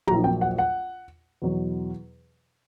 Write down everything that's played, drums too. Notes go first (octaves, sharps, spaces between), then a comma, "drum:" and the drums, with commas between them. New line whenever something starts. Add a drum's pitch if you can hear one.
A#1 A#2 F#3 A#5, drum: tom
G5
F#5
F#5
E2 B2 F#3